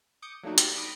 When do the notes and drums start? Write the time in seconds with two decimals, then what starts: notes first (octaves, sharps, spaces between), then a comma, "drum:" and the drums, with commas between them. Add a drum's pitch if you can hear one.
0.22 D6 D#6 G6 C#7
0.43 F#3 A3 A#3 D4 D#4 F#4
0.58 C4 G4 A#6, drum: hi-hat
0.75 B5 D6 D#6 A#6 B6